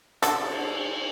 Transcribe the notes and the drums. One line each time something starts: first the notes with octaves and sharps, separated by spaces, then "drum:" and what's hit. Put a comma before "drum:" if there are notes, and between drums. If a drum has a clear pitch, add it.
D3 A4, drum: hi-hat
drum: cymbal